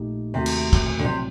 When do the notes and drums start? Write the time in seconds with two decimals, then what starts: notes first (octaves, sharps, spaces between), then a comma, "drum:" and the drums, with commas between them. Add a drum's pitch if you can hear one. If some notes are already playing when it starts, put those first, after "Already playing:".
Already playing: A#1 A#2 A3 D#4 G4
0.34 D#2 C3 D#3 A3 C4 F#4
0.46 drum: cymbal
0.73 drum: kick
0.99 D3
1.04 A#1 A2 C3 F#3 C4